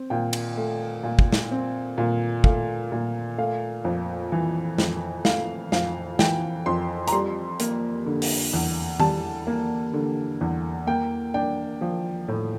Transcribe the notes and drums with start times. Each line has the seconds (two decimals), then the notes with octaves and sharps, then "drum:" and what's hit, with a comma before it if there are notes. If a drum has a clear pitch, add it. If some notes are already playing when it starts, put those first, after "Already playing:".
Already playing: C4
0.10 A#2 G5
0.33 drum: cymbal
0.57 A3
1.03 A#2
1.19 drum: kick
1.32 drum: snare
1.51 C4
1.98 A#2
2.44 A3 F5, drum: kick
2.92 A#2
3.38 A3 F5
3.85 F2
4.32 E3
4.78 F2, drum: snare
5.25 A3 F5, drum: snare
5.72 F2 F5, drum: snare
6.19 E3 G5, drum: snare
6.66 F2 C6
7.08 A#5, drum: hi-hat
7.12 G3 C6
7.60 A#3, drum: hi-hat
8.06 D3
8.22 drum: open hi-hat
8.53 E2
9.00 G3 A5, drum: tom D#3
9.47 A#3
9.94 D3
10.41 E2
10.87 A#3 G5
11.34 D4 G5
11.81 F3
12.28 A2